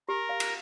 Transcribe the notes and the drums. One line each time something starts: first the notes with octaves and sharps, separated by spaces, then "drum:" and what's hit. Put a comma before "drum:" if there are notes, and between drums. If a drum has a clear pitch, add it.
G4 A#4
F5
drum: cymbal